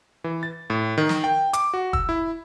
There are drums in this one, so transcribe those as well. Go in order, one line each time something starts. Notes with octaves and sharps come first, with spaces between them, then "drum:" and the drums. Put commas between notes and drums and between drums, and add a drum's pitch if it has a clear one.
E3
A6
A2
D#3
drum: snare
G5
D6, drum: hi-hat
F#4
E6, drum: kick
E4